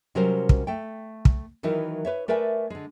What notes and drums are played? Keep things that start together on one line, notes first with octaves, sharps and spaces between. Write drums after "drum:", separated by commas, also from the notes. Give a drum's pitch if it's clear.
C3 F#3 G3 C#4 A#4 C5
drum: kick
A3 G5
drum: kick
D#3 E3 F#3 D#4 E4 A#4
B4 C#5 E5
A3 A#4 B4 D5 E5 G#5
D3 G#3